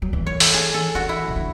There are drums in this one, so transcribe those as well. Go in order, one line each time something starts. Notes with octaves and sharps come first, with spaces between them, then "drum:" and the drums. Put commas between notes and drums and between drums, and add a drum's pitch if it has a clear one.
F#3
E3
C#5
A4, drum: open hi-hat
G#4
A4
E3 F#4
E4
C#3
D3